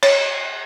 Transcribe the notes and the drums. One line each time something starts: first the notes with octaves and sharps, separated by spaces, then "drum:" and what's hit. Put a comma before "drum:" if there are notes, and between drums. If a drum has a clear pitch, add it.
C#5, drum: cymbal